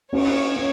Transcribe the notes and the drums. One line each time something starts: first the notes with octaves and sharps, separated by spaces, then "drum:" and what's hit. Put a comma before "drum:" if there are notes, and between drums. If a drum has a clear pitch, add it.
C#4 C#5, drum: cymbal
C#4